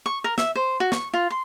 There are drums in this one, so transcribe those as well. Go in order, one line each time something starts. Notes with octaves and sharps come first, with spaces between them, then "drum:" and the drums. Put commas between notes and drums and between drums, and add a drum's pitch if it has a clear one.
C#6
A#4
E5, drum: snare
C5
F#4
C#6, drum: snare
F4
C6